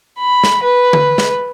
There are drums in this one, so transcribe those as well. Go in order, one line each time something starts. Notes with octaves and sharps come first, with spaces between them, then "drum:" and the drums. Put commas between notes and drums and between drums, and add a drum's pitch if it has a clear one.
B5
drum: snare
B4
drum: tom D3
drum: snare